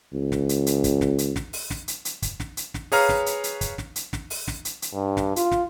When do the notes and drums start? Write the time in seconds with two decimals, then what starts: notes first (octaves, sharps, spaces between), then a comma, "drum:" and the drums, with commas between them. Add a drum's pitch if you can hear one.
0.13 C#2
0.32 drum: snare
0.49 drum: hi-hat
0.66 drum: hi-hat
0.84 drum: kick, hi-hat
1.01 drum: snare
1.18 drum: hi-hat
1.36 drum: snare
1.53 drum: open hi-hat
1.70 drum: snare
1.88 drum: hi-hat
2.05 drum: hi-hat
2.22 drum: kick, hi-hat
2.40 drum: snare
2.57 drum: hi-hat
2.74 drum: snare
2.92 G#4 B4 C#5 F5 A#5 F6, drum: open hi-hat
3.09 drum: snare
3.26 drum: hi-hat
3.44 drum: hi-hat
3.61 drum: kick, hi-hat
3.78 drum: snare
3.96 drum: hi-hat
4.13 drum: snare
4.30 drum: open hi-hat
4.48 drum: snare
4.65 drum: hi-hat
4.82 drum: hi-hat
4.93 G2
5.17 drum: snare
5.36 F4, drum: hi-hat
5.51 drum: snare